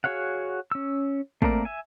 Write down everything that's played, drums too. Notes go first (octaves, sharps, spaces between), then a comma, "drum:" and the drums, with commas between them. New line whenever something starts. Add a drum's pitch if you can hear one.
F#4 G#4 C#5 F5 F#5
C#4 E6
A3 A#3 C4 A#4 D5, drum: kick
E5 G#5